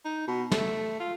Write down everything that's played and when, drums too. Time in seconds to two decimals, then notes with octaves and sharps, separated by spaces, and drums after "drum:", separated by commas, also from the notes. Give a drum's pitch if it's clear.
0.05 D#4
0.27 B2
0.52 A3, drum: snare
1.00 F4